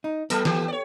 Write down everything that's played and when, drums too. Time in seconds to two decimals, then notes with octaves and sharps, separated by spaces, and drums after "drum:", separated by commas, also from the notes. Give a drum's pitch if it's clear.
0.04 D#4
0.30 F#3 B3 A4, drum: hi-hat
0.45 E3 G4, drum: snare
0.68 C#5 D5